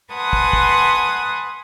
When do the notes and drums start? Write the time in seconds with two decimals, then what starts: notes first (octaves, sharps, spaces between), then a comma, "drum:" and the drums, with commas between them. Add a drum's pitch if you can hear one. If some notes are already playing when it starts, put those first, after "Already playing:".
0.13 B4 F#5 G#5 A5 C6 D#6
0.33 drum: kick
0.53 drum: kick